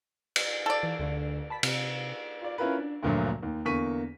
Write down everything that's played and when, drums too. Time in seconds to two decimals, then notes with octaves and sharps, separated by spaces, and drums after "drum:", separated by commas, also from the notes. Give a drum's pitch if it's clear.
0.36 drum: cymbal
0.66 A4 D5
0.83 E3
0.99 D2 D3 A3
1.50 A5 B5 B6
1.63 C3, drum: cymbal
2.41 F4 D5
2.58 C#4 E4 F4 A#4 B4
2.77 D4
3.03 D2 G2 A#2 D3 F3 F#3
3.43 D#2
3.65 E2 D3 A#3 C#6 B6 D#7